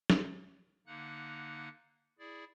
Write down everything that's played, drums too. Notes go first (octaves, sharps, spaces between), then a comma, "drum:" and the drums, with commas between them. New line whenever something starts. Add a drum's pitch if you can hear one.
drum: snare
D3 A#3 D#4 F#5 F#6
E4 G#4 D5